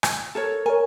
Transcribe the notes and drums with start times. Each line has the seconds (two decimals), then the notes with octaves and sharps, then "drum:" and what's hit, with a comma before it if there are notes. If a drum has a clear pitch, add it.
0.03 drum: rim click
0.35 A4 A#4 C#5
0.66 A#4 C#5 G#5